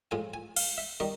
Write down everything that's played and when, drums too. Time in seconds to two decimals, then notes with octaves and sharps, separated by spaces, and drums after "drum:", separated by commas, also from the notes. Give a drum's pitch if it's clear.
0.11 A2 F3 G#3 G#5
0.34 G#5
0.57 F5, drum: cymbal
0.78 E5
1.00 D#3 G3 D#5